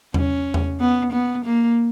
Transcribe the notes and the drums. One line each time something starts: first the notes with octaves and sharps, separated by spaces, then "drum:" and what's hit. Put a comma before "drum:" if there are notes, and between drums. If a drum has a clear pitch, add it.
C#4, drum: tom E2
drum: tom E2
B3
B3
A#3